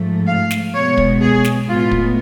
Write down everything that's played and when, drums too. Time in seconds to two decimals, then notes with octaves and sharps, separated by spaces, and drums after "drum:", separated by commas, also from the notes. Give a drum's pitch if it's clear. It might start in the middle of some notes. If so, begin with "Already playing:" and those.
Already playing: G#2 F3 A3
0.27 F5
0.51 drum: snare
0.74 B2 G#3 B3 C#5
0.98 drum: kick
1.21 G#4
1.44 drum: snare
1.67 A2 G#3 B3 F4
1.91 drum: kick